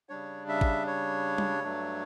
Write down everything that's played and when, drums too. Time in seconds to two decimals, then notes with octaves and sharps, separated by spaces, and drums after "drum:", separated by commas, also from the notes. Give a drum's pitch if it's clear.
0.09 C#3 G3 D4 C#5
0.49 E5
0.61 drum: kick G#1
0.87 C#5
1.38 drum: tom G3
1.64 G2 F#3 A3 D4